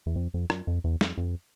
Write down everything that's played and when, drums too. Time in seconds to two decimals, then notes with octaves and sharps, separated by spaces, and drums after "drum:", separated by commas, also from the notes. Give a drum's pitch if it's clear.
0.06 E2
0.16 F2
0.34 F2
0.50 F#2, drum: rim click
0.67 F2
0.84 E2
1.01 F2, drum: snare
1.18 F2